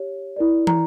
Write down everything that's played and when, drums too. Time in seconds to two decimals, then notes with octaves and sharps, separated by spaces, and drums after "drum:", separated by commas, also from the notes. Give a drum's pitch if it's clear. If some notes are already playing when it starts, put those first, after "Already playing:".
Already playing: G4 C#5
0.36 E4 A#4 D5
0.67 A#5, drum: tom